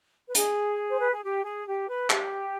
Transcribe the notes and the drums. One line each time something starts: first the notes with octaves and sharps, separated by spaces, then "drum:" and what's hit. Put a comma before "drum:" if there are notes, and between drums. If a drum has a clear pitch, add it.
B4
G#4, drum: hi-hat
C5
B4
G#4
G4
G#4
G4
B4
G4, drum: clap